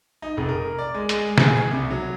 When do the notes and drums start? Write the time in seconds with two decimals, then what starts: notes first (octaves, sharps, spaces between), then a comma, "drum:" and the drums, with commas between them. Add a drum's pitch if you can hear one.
0.22 D#4
0.37 F1
0.49 A#4
0.79 D5
0.94 G#3
1.09 G#3, drum: hi-hat
1.38 G#4, drum: snare
1.56 G#6
1.71 C2
1.90 F#3